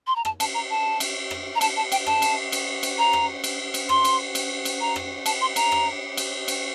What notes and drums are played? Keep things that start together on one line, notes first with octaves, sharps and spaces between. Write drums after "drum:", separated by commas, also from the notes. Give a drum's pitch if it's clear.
C6
A#5
A5, drum: rim click
A5, drum: cymbal
A#5
A5
drum: cymbal
drum: rim click
A#5
A5, drum: cymbal
A5
G5, drum: cymbal
A5, drum: rim click
drum: cymbal
drum: cymbal
drum: cymbal
A#5
drum: rim click
drum: cymbal
drum: cymbal
C6, drum: rim click
drum: cymbal
drum: cymbal
drum: cymbal
A#5
drum: rim click
A5, drum: cymbal
C6
A#5, drum: cymbal
drum: rim click
drum: cymbal
drum: cymbal